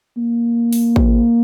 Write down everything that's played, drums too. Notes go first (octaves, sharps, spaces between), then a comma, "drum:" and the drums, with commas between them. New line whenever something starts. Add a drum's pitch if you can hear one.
A#3
drum: open hi-hat
drum: kick A1